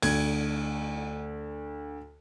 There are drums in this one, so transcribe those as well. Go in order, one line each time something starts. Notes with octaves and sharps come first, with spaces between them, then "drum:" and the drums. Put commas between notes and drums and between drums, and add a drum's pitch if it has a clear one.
D2 G#6, drum: cymbal